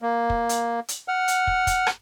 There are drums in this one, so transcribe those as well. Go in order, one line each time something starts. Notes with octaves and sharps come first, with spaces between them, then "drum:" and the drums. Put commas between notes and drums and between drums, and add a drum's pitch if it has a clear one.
A#3
drum: kick
drum: hi-hat
drum: hi-hat
F#5 F6
drum: hi-hat
drum: kick
drum: kick, hi-hat
drum: rim click